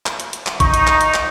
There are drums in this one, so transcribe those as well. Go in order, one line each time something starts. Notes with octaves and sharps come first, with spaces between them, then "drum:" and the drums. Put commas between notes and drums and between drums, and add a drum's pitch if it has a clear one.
drum: clap
drum: hi-hat
drum: hi-hat
drum: clap
D#4 C#6, drum: kick A#1, hi-hat
drum: hi-hat
drum: clap
drum: hi-hat
drum: clap